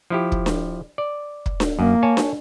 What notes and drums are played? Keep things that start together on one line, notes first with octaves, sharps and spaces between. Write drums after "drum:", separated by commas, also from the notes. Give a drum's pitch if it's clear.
F3 E4 G4
drum: kick
drum: snare D4
D5
drum: kick
drum: snare D4
F#2 A#3
C#5 G#5 A5
drum: snare D4